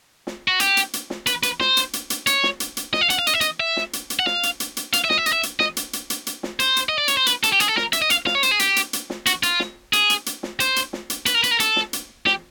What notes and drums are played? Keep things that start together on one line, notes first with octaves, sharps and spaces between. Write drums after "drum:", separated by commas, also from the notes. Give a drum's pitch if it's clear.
drum: snare
F#4
G4, drum: hi-hat
drum: hi-hat
drum: hi-hat
drum: snare
B4, drum: hi-hat
B4, drum: hi-hat
C5, drum: snare
drum: hi-hat
drum: hi-hat
drum: hi-hat
C#5, drum: hi-hat
drum: snare
drum: hi-hat
drum: hi-hat
D#5, drum: snare
F5
F#5, drum: hi-hat
F5
D#5, drum: hi-hat
E5
D#5, drum: hi-hat
E5
drum: snare
drum: hi-hat
drum: hi-hat
F#5
F5, drum: snare
drum: hi-hat
drum: hi-hat
drum: hi-hat
F5, drum: hi-hat
E5
D#5, drum: snare
E5
D#5, drum: hi-hat
E5
drum: hi-hat
D#5, drum: snare
drum: hi-hat
drum: hi-hat
drum: hi-hat
drum: hi-hat
drum: snare
C5, drum: hi-hat
drum: hi-hat
D#5
D5
C#5, drum: hi-hat
C5
B4, drum: hi-hat
A4, drum: hi-hat
G4
G#4, drum: hi-hat
A4
A#4, drum: snare
E5, drum: hi-hat
D#5
F5, drum: hi-hat
F5, drum: snare
C#5
C5, drum: hi-hat
G#4
G4, drum: hi-hat
drum: hi-hat
drum: hi-hat
drum: snare
F#4, drum: hi-hat
F4, drum: hi-hat
drum: snare
G#4, drum: hi-hat
drum: hi-hat
drum: hi-hat
drum: snare
C5, drum: hi-hat
drum: hi-hat
drum: snare
drum: hi-hat
B4, drum: hi-hat
A#4
B4, drum: hi-hat
A#4
A4, drum: hi-hat
drum: snare
drum: hi-hat
G4, drum: snare